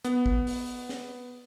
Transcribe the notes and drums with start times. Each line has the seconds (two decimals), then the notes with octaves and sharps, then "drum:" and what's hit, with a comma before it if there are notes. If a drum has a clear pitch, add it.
0.05 B3, drum: hi-hat
0.26 drum: kick
0.47 drum: open hi-hat
0.89 drum: snare